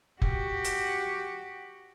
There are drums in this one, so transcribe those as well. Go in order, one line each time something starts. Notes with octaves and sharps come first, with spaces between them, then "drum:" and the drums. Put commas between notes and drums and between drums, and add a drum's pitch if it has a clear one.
F#4 G4, drum: kick F1
drum: hi-hat